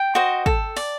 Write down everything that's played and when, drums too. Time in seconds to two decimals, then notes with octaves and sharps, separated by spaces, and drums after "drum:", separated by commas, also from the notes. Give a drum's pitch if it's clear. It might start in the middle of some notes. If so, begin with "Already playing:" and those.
Already playing: G5
0.15 F#4 C5 D#5
0.46 A4, drum: kick
0.77 D5, drum: open hi-hat